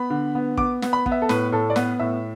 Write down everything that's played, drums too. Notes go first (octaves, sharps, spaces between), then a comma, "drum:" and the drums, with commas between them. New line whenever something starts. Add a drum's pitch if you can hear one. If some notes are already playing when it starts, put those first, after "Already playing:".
Already playing: B3 B5
D3
B3
B3 D6, drum: kick
B3, drum: snare
B5
B3, drum: kick
E5
A4
A2 B4, drum: snare
A2 A4
D5
B3 B4, drum: snare
A2 E5